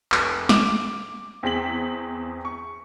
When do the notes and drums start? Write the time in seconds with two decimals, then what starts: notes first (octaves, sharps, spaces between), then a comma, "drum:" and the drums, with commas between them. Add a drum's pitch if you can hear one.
0.12 F1 F#6, drum: clap
0.49 D6, drum: snare
1.43 E2 C4 G#4 G5 B6 F#7
2.45 C#6